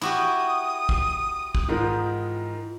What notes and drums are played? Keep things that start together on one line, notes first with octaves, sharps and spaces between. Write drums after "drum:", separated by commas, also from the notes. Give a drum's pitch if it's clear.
E4 F#4 G4 D#6
drum: kick
drum: kick
G#2 D#3 E3 F4 A#4